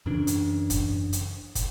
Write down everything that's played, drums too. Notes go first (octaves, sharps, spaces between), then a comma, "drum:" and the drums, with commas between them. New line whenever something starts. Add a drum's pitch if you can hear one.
F#2 C#3 E3 D4
drum: hi-hat
drum: kick, hi-hat
drum: hi-hat
drum: kick, hi-hat